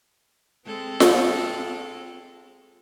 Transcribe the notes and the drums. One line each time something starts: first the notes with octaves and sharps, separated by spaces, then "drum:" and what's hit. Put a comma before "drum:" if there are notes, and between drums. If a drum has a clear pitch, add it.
G#3 C4 A4
drum: snare F4